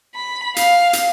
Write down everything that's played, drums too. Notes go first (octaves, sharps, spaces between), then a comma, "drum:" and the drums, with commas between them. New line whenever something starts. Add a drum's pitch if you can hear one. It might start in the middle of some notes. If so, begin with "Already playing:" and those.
B5
F5, drum: hi-hat
drum: hi-hat